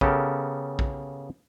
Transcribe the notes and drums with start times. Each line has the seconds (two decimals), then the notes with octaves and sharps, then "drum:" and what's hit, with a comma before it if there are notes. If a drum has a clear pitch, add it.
0.01 C#3 B3 G4 A4 A#4, drum: kick
0.79 drum: kick